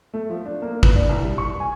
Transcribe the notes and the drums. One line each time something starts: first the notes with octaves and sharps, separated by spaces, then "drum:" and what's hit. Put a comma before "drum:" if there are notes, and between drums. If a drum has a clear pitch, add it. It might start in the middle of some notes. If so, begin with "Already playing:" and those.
A3
F3
D4
A#3
B4, drum: kick G#1
D4
C2
G3
C#6
G#5